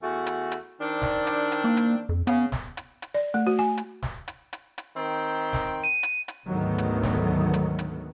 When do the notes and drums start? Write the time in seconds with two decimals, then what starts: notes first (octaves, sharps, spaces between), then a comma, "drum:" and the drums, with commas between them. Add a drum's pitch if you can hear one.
0.02 E2 A3 F#4
0.26 drum: hi-hat
0.52 drum: hi-hat
0.80 D#3 C4 D4
1.02 drum: snare
1.27 drum: hi-hat
1.52 drum: hi-hat
1.64 A#3
1.77 drum: hi-hat
2.09 F2
2.27 C#3 B3, drum: hi-hat
2.52 drum: snare
2.77 drum: hi-hat
3.02 drum: hi-hat
3.14 D5
3.34 A3
3.47 F#4
3.59 G#5
3.77 drum: hi-hat
4.03 drum: snare
4.28 drum: hi-hat
4.53 drum: hi-hat
4.78 drum: hi-hat
4.96 D#3 C4 G5
5.53 drum: snare
5.84 D#7
6.03 drum: hi-hat
6.28 drum: hi-hat
6.47 D2 G#2 D#3 F#3 A3 B3
6.78 drum: hi-hat
7.03 drum: snare
7.54 drum: hi-hat
7.79 drum: hi-hat